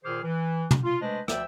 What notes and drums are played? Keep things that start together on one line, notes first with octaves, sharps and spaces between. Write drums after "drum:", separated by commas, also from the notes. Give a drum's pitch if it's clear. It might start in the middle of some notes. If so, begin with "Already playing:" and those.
A#2 D#3 G#4 C5 D6 F6
E3
drum: tom
F4
G#3 A3 D4 B4 C5 D#5
D2 F3 D5 E5 G5 E6, drum: rim click